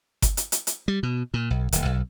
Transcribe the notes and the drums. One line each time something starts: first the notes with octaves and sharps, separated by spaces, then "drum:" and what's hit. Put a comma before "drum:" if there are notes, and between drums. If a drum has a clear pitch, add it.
drum: kick G1, hi-hat
drum: hi-hat
drum: hi-hat
drum: hi-hat
G3
B2
A#2
B1
D1, drum: hi-hat
B1